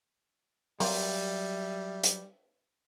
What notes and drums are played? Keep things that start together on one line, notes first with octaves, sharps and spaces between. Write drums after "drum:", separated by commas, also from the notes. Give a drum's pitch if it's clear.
F#3 G3 A#3 C4 D5 E5, drum: open hi-hat
drum: hi-hat